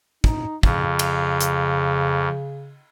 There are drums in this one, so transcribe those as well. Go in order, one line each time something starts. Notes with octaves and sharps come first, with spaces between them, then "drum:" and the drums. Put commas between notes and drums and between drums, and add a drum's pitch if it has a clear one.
D#4, drum: kick
F2 C#3, drum: kick
drum: cymbal
drum: hi-hat